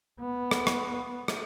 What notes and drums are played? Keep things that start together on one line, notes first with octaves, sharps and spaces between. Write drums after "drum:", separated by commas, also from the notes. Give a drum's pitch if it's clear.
B3
drum: rim click
drum: rim click
drum: rim click